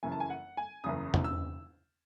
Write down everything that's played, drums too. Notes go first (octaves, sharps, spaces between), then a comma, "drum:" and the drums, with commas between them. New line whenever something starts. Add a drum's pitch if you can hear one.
F#1 F#2 C#3 E3 G#5
A5
G#5
F#5
G#5
F#1 E2 C#3 D#6
drum: tom
E6